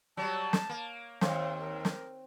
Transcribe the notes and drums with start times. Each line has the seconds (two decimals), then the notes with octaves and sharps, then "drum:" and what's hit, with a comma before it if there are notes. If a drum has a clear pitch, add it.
0.17 F#3 G3 C#5 A5
0.53 drum: snare
0.69 A#3
1.21 D#2 C4 F5, drum: snare
1.60 A#4
1.85 drum: snare